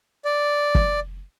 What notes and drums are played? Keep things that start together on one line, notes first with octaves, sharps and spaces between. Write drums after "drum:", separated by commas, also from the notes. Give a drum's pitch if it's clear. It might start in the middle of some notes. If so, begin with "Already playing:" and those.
D5
drum: kick